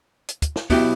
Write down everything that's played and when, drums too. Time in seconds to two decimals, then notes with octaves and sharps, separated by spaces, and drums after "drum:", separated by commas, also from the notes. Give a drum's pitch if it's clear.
0.29 drum: hi-hat
0.42 drum: kick, hi-hat
0.56 drum: snare
0.70 B1 B2 B3 E4 G4, drum: kick, open hi-hat